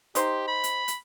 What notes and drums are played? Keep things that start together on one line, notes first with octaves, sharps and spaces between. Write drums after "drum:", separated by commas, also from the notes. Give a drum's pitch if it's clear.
D#4 G4 C5, drum: hi-hat
B5
drum: hi-hat
drum: hi-hat